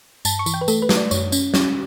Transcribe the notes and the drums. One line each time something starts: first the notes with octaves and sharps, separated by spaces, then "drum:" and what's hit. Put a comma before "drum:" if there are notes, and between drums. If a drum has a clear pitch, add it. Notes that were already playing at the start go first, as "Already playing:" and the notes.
G2 A5, drum: tambourine
C#6
E3, drum: tambourine
G5
B4
A3 A4, drum: tambourine
B4
A3, drum: snare
D5
F#2 C#5, drum: tambourine
C#4, drum: tambourine
C#4, drum: snare